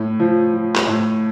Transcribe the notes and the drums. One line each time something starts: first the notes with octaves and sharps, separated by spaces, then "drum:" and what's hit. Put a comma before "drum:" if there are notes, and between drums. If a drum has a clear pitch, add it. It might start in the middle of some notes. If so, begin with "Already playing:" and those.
Already playing: A2
F3
F3
drum: clap
A2